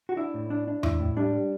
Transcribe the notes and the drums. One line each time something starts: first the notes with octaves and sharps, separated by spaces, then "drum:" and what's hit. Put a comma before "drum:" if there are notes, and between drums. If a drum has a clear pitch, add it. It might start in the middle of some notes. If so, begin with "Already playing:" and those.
F#4
D4 E4
A2
D4
D4
A2 E4, drum: tom E2
A2
G3 D4
G3